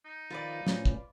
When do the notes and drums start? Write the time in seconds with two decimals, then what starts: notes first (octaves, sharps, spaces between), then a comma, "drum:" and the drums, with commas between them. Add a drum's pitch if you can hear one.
0.05 D#4
0.30 D#3 F3 F4 B4 D5
0.67 A2 F3 C#4, drum: snare
0.85 drum: kick